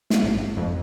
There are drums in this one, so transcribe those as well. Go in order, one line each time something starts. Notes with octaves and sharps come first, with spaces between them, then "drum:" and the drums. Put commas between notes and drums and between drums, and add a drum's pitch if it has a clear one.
drum: snare
G#1
F2